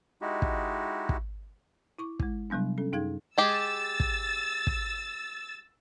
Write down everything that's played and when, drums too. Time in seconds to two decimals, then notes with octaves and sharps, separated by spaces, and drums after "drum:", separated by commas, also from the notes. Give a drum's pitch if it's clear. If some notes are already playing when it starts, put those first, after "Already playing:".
0.21 G#3 D#4 E4 F#4 G4
0.42 drum: kick
1.09 drum: kick
1.98 E4 C#6 D6
2.19 G#3 E4, drum: kick
2.50 C3 F#3 G3 B3 D4
2.78 C#4 A4
2.92 F#2 D#4 G#4 F5 G#6
3.38 G#3 G4 G#4 E6 A6
4.00 drum: kick
4.67 drum: kick